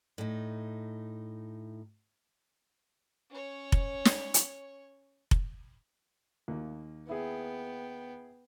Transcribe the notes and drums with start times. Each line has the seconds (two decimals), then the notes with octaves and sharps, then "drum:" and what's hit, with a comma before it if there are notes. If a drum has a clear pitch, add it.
0.18 A2 D#4
3.30 C#4 C#5
3.72 drum: kick F1
4.05 drum: snare
4.34 drum: hi-hat
5.31 drum: kick F1
6.48 D#2 A#3
7.09 B3 E4 G#4 G5